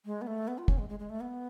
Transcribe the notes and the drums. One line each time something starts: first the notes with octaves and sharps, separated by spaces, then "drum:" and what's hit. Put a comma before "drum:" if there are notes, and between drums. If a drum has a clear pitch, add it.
G#3
B3
A3
B3
F4
C#4, drum: kick
G#3
G#3
G#3
A3
B3